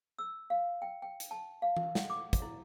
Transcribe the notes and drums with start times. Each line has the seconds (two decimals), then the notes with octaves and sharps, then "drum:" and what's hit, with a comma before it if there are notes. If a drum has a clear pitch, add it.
0.19 E6
0.50 F5
0.82 G5
1.02 G5
1.20 drum: hi-hat
1.31 A5
1.62 F5
1.77 drum: tom E3
1.95 F#5, drum: snare
2.10 D6
2.33 drum: kick, hi-hat
2.42 E4